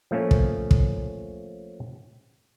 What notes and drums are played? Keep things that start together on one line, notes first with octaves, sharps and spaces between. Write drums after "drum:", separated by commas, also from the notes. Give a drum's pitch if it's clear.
F3 A3 A#3 C#4 C#5
drum: kick
drum: kick